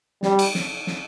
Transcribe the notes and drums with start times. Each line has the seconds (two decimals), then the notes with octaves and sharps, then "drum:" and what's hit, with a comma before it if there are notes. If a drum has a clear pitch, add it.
0.23 G3, drum: snare
0.39 drum: cymbal
0.55 drum: snare
0.87 drum: snare